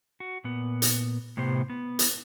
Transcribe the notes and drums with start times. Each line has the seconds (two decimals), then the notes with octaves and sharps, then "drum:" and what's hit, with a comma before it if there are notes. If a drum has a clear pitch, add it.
0.20 F#4
0.44 A#2 B3
0.82 drum: hi-hat
1.37 A2 C3 B3 G4 C5
1.70 B3
1.99 drum: hi-hat